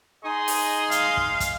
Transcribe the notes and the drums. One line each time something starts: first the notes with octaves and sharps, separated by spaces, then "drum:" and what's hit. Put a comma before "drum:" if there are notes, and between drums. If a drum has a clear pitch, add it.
D#4 G#4 D#5 G#5 C6 D#6
drum: open hi-hat
F5, drum: hi-hat
drum: kick
drum: kick, hi-hat